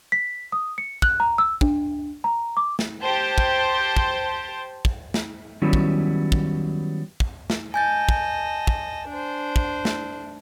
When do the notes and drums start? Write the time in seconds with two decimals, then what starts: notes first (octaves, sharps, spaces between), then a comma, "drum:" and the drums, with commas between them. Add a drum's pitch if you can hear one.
0.12 B6
0.52 D#6
0.78 C#7
1.02 F#6, drum: kick
1.20 A#5
1.38 E6
1.61 D4, drum: kick
2.24 A#5
2.57 D6
2.79 drum: snare
3.04 G4 C5 A5
3.38 drum: kick
3.97 drum: kick
4.85 drum: kick
5.14 drum: snare
5.62 D#3 F#3 G3 B3 C#4 E4
5.73 drum: kick
6.32 drum: kick
7.20 drum: kick
7.50 drum: snare
7.74 D#5 G#5 A5 G6 A6
8.09 drum: kick
8.67 drum: kick
9.09 D4 C5
9.56 drum: kick
9.85 drum: snare